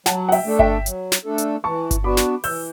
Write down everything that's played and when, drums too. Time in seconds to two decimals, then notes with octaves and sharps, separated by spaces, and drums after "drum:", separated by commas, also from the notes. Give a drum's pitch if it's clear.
0.06 F#3 F#5 A5, drum: snare
0.29 F#5
0.32 E5 G5, drum: open hi-hat
0.45 A3 D4 A4
0.59 E5 G5, drum: kick G1
0.86 F#3, drum: hi-hat
1.12 drum: snare
1.25 A3 D4 A4
1.38 drum: hi-hat
1.64 E3 A5 C#6
1.91 drum: kick G1, hi-hat
2.03 B3 D4 F#4 B5 D6
2.17 drum: snare
2.44 E3 E6 G6, drum: open hi-hat